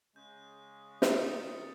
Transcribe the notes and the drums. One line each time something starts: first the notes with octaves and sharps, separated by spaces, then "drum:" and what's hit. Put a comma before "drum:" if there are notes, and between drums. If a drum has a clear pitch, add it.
C#3 G#3 G6
drum: snare
D#3 F4 D#6 A6 C#7